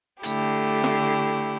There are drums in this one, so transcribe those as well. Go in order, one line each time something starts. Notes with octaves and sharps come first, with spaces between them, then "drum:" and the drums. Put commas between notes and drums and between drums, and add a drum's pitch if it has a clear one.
D3 A3 E4 G4, drum: hi-hat
drum: snare